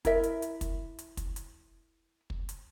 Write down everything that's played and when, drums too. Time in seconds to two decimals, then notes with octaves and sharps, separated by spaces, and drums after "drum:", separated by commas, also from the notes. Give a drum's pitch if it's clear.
0.05 E4 A#4 E5, drum: kick, hi-hat
0.23 drum: hi-hat
0.42 drum: hi-hat
0.61 drum: kick, hi-hat
0.99 drum: hi-hat
1.17 drum: kick, hi-hat
1.36 drum: hi-hat
2.30 drum: kick
2.49 drum: hi-hat